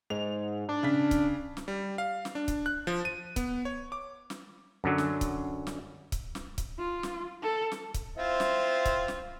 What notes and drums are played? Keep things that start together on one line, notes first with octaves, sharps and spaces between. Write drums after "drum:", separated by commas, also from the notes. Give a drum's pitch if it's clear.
G#2 F7
D4
C#3 B6
drum: kick C#1, hi-hat
drum: snare
G3
F5
drum: snare
D4
drum: kick C#1, hi-hat
F#6
F3
D#7
B3, drum: kick C#1, hi-hat
C#5
D6
drum: snare
F#2 D3 F#3
drum: snare
drum: kick C#1, hi-hat
drum: snare
drum: kick C#1, hi-hat
drum: snare
drum: kick C#1, hi-hat
F4
drum: snare
A4
drum: snare
drum: kick C#1, hi-hat
C4 E4 F4
drum: snare
drum: kick C#1, hi-hat
drum: snare